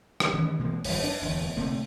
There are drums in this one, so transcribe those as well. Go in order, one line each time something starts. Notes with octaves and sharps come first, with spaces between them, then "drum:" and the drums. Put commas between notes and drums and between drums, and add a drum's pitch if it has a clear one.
drum: rim click
D#3 E3 G#3 C#4
B2 E3 G#3 A#3
G#1 G2 F3, drum: open hi-hat
D4
D1 E2
D1 C3 A3 A#3